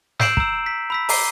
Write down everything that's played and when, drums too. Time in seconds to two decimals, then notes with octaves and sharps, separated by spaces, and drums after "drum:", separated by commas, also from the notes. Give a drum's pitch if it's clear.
0.20 E6 G6 C7 D7 E7 F#7, drum: snare
0.37 A#5 E6, drum: kick
0.66 B6
0.90 B5 E6 B6
1.09 A#5 D6 C7, drum: open hi-hat